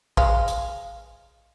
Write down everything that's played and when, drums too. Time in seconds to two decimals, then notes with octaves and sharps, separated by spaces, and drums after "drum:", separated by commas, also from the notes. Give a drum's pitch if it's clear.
0.17 G#3 F5, drum: kick
0.48 drum: hi-hat